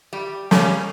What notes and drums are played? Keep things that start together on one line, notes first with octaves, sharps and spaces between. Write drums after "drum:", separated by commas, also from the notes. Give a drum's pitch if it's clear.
G3
C#3 G3 C#4, drum: snare